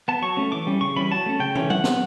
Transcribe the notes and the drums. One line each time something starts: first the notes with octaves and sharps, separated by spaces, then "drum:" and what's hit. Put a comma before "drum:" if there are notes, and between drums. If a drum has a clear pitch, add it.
B3 A5
F#3 C#6
A3 C#4
E3 D6
G3 C#4
C#3 C#6
E3 G3 C#4 B5
F#3 A5
A3 C#4
C#3 G5
E3 A3 C#4, drum: tom
E3 F#5, drum: tom F#3
B3, drum: snare